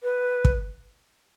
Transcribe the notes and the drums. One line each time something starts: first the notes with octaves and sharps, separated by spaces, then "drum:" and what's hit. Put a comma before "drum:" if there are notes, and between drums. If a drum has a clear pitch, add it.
B4
drum: kick